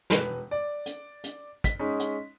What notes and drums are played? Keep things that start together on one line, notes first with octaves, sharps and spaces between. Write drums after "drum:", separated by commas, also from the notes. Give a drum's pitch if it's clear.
E1 B4, drum: snare
D5
drum: hi-hat
drum: hi-hat
B6, drum: kick, hi-hat
G#3 C#4 D#4
drum: hi-hat